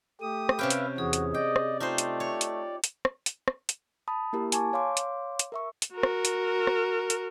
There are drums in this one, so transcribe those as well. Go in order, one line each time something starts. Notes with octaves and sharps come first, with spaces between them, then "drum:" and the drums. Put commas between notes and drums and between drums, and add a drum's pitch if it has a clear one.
A3 G4 D#6
drum: rim click
C3 C#4 B4 E5 F5 G5
drum: hi-hat
E2 E3 F#4 G#4 D#6
drum: hi-hat
D5 D#5 G5
drum: rim click
A3 D#4 F4 C5 G5
drum: hi-hat
C#5
drum: hi-hat
drum: hi-hat
drum: rim click
drum: hi-hat
drum: rim click
drum: hi-hat
A5 B5 D#6
A#3 E4 G4 A#4
G#5 A5 C#6 D6, drum: hi-hat
C#5 F5 C6 D6
drum: hi-hat
drum: hi-hat
A#4 E5 C#6
drum: hi-hat
F#4 A#4
drum: rim click
drum: hi-hat
drum: rim click
drum: hi-hat